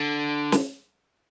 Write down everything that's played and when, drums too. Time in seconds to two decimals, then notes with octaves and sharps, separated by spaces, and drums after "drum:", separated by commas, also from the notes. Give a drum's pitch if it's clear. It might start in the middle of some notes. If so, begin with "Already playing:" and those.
Already playing: D3
0.52 drum: snare